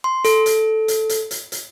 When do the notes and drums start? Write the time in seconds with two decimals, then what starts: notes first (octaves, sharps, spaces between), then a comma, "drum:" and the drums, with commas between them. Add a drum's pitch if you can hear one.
0.04 C6
0.25 A4, drum: hi-hat
0.46 drum: hi-hat
0.88 drum: hi-hat
1.09 drum: hi-hat
1.31 drum: hi-hat
1.52 drum: hi-hat